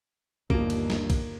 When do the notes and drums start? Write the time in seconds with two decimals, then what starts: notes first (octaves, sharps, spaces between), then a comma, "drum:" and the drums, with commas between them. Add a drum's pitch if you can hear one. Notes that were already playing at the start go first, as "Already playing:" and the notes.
0.50 G1 D#2 F3 A#3, drum: kick
0.70 drum: cymbal
0.90 drum: snare
1.10 drum: kick, cymbal